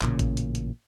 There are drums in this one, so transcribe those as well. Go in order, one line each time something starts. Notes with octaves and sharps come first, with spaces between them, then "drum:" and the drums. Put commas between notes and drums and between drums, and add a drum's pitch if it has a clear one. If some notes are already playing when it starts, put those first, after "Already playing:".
A1 A#2 C#3, drum: clap
drum: kick G#1, hi-hat
drum: hi-hat
drum: hi-hat